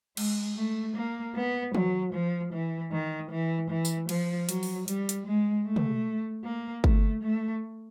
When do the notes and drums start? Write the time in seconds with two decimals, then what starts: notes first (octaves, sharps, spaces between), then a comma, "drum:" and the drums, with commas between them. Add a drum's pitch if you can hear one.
0.17 G#3, drum: cymbal
0.57 A3
0.96 A#3
1.35 B3
1.75 F#3, drum: tom
2.13 F3
2.52 E3
2.92 D#3
3.31 E3
3.70 E3
3.85 drum: tambourine
4.09 F3, drum: cymbal
4.49 F#3, drum: hi-hat
4.63 drum: open hi-hat
4.88 G3, drum: hi-hat
5.09 drum: hi-hat
5.26 G#3
5.66 A3
5.76 drum: tom
6.44 A#3
6.84 A3, drum: kick G1
7.23 A3